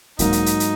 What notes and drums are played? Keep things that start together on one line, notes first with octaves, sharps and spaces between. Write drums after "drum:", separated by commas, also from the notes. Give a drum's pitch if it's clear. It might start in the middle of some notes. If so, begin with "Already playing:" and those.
G#2 F#3 A#3 D#4, drum: kick, hi-hat
drum: hi-hat
drum: hi-hat
drum: hi-hat